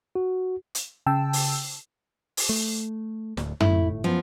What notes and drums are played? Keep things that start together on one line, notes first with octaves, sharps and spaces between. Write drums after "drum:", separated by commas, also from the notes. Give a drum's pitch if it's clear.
F#4
drum: hi-hat
C#3 G5 A5 E6
drum: open hi-hat
drum: open hi-hat
A3
D1 D2, drum: snare
G1 A2 A3 E4, drum: tom
F#2 F3 B3